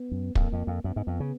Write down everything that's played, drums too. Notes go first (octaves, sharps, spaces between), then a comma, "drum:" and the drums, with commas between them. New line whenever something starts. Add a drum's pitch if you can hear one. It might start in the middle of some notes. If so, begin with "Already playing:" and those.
Already playing: B3
F#2
F2 A#3, drum: kick
F2
F2
F#2 B3
G#2
F2
C#3